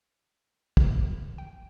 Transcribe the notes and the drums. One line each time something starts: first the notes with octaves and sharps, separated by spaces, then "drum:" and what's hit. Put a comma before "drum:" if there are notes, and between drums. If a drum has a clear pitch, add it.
D#3, drum: kick
G5